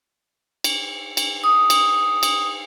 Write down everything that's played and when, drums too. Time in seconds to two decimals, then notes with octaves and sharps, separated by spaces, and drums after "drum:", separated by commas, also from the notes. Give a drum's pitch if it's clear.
0.64 drum: cymbal
1.17 drum: cymbal
1.44 D#6
1.70 drum: cymbal
2.23 drum: cymbal